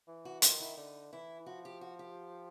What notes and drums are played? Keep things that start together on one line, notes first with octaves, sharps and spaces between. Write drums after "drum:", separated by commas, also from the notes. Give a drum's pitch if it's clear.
E3
F#4
D#3 F4, drum: hi-hat
E4
D3 D#4
E3 E4
F3 F#4
G4
F#4
G4